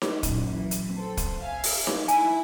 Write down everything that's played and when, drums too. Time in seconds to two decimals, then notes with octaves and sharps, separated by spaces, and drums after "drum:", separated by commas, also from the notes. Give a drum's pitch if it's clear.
0.02 drum: snare D#4
0.23 A#1 F#2 A#2, drum: kick, hi-hat
0.53 E3
0.71 drum: hi-hat
0.94 C4 A4
1.17 drum: kick, hi-hat
1.39 E5 F5 G#5
1.64 drum: open hi-hat
1.87 drum: snare D#4
2.08 E4 G#5, drum: hi-hat